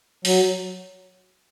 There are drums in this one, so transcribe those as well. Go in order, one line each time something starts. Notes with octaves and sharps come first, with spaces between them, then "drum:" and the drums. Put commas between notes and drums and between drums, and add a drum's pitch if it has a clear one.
F#3, drum: open hi-hat